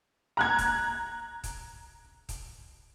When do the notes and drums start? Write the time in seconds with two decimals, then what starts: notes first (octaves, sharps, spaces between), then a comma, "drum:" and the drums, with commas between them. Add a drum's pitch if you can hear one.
0.37 A#5 F#6 G#6
0.58 drum: kick D#1, hi-hat
1.44 drum: kick D#1, hi-hat
2.29 drum: kick D#1, hi-hat